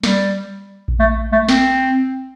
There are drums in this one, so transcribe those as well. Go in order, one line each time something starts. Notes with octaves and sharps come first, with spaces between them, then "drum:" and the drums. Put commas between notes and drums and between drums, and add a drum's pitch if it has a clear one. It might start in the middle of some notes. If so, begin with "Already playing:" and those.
G3, drum: snare
drum: kick A#1
A3
A3
C4, drum: snare